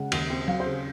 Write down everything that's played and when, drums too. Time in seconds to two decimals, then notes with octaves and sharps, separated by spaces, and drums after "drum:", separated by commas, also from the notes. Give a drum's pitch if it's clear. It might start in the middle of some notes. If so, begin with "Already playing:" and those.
Already playing: C#3 G#3 F#5
0.12 D#2, drum: cymbal
0.30 C4
0.48 F#3 F5, drum: tom F#3
0.60 C5
0.66 C#3
0.72 G#4